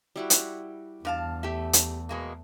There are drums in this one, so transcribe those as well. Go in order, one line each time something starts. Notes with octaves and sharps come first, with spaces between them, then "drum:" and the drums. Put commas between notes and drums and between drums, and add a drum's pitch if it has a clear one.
G3 E4 F#4
drum: hi-hat
E2 G2 F5 A5
A3 G4 E5
drum: hi-hat
B2 G#3 A#3